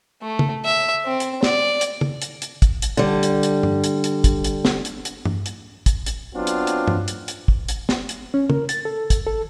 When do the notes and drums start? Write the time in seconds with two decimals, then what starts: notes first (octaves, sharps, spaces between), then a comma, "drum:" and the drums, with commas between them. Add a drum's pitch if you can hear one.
0.22 A3
0.39 drum: tom
0.65 E5
1.06 C4
1.20 drum: hi-hat
1.43 D5, drum: snare
1.81 drum: hi-hat
2.01 drum: tom
2.22 drum: hi-hat
2.42 drum: hi-hat
2.62 drum: kick, hi-hat
2.82 drum: hi-hat
2.97 D3 G3
3.23 drum: hi-hat
3.43 drum: hi-hat
3.63 drum: tom G2
3.84 drum: hi-hat
4.04 drum: hi-hat
4.24 drum: kick, hi-hat
4.44 drum: hi-hat
4.65 drum: snare
4.85 drum: hi-hat
5.05 drum: hi-hat
5.25 drum: tom G2
5.46 drum: hi-hat
5.86 drum: kick, hi-hat
6.06 drum: hi-hat
6.35 F#3 B3 C4 D4 F4
6.47 drum: hi-hat
6.67 drum: hi-hat
6.88 drum: tom G2
7.08 drum: hi-hat
7.28 drum: hi-hat
7.48 drum: kick
7.69 drum: hi-hat
7.89 drum: snare
8.09 drum: hi-hat
8.34 C#4
8.50 A#4, drum: tom
8.69 A6, drum: hi-hat
8.85 A4
9.10 drum: kick, hi-hat
9.27 A4